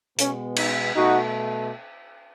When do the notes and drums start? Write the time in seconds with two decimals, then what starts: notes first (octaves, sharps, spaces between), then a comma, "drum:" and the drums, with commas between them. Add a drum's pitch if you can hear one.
0.18 B2 G#3 B3 C#4, drum: hi-hat
0.56 D#4, drum: cymbal
0.94 B2 A3 D#4 F#4